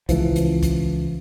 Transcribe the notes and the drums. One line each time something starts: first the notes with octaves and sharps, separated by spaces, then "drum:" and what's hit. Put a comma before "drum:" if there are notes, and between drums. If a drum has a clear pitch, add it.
C#2 E3 F3, drum: kick, hi-hat
drum: hi-hat
drum: kick, hi-hat